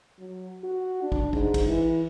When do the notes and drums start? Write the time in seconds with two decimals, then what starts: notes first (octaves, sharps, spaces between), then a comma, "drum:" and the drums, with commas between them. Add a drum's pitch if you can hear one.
0.19 F#3
0.64 F#4
1.02 D4
1.12 drum: kick
1.33 G#2, drum: kick
1.54 drum: kick, cymbal
1.67 E3